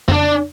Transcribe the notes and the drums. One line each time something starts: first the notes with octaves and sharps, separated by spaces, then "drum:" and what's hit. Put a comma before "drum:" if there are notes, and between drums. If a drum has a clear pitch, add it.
C4, drum: tom F2
D4